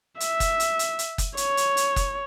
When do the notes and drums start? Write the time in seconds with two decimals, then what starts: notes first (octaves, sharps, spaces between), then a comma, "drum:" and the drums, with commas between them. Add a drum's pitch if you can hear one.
0.20 E5, drum: hi-hat
0.40 drum: kick F#1, hi-hat
0.60 drum: hi-hat
0.79 drum: hi-hat
0.99 drum: hi-hat
1.18 drum: kick F#1, hi-hat
1.37 C#5, drum: hi-hat
1.57 drum: hi-hat
1.77 drum: hi-hat
1.96 drum: kick F#1, hi-hat